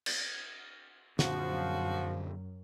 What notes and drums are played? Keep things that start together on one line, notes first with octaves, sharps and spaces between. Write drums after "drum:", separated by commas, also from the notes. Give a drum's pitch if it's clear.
drum: cymbal
F#2 A#2 D3 F3 F#4, drum: snare